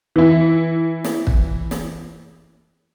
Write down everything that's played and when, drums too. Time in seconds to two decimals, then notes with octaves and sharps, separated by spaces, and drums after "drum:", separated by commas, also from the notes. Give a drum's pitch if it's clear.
0.16 E3 E4
1.04 drum: snare
1.27 drum: kick
1.71 drum: snare